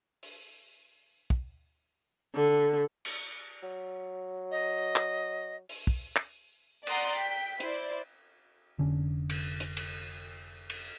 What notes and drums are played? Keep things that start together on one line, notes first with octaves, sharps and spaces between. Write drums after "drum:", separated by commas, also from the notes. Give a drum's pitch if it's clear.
drum: open hi-hat
drum: kick
D3
drum: cymbal
F#3
D#5
drum: clap
drum: open hi-hat
drum: kick
drum: clap
D5 F#5 A#5 C6 D#6, drum: cymbal
G5 B6
E4 C5 D5, drum: hi-hat
F1 D3 C#4
drum: cymbal
drum: hi-hat
drum: cymbal
drum: cymbal